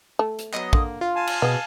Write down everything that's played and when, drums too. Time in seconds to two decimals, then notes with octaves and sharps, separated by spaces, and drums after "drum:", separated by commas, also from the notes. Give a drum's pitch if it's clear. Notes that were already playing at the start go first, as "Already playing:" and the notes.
0.19 A3
0.39 drum: hi-hat
0.53 F#3 B3 D#5, drum: clap
0.73 D3 A#3, drum: kick
1.01 F4
1.16 F5 G#5 A5
1.27 drum: cymbal
1.42 B2 B3 G#4